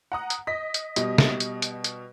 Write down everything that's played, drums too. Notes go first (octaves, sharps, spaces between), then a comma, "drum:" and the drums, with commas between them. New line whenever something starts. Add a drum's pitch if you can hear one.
F#5 A#5 D#6
drum: hi-hat
D#5 B6
drum: hi-hat
B2 G3 D#5, drum: hi-hat
drum: snare
drum: hi-hat
drum: hi-hat
drum: hi-hat